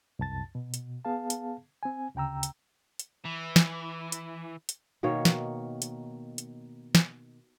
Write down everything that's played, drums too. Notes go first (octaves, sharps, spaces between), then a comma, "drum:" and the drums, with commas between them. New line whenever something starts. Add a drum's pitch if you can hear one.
C2 F#2 A5 A6
B2
drum: hi-hat
B3 G#4 F5 A5
drum: hi-hat
C4 G#5
D2 C#3 G5 A#5 E6
drum: hi-hat
drum: hi-hat
E3
drum: snare
drum: hi-hat
drum: hi-hat
B2 D#3 A#3 C#5
drum: snare
drum: hi-hat
drum: hi-hat
drum: snare